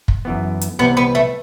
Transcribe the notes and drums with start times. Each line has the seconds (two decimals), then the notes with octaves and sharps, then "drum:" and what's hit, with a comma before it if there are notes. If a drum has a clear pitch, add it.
0.08 drum: kick
0.25 F#2 E3 B3
0.61 drum: hi-hat
0.79 C2 C3 E3 G3 B3
0.97 B3
1.15 A3